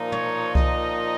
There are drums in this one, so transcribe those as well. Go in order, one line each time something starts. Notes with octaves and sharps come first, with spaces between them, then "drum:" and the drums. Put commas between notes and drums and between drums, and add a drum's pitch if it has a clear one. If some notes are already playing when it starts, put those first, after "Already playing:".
Already playing: A#2 F3 A#3 D#4
C#5, drum: tom
D#5, drum: kick C2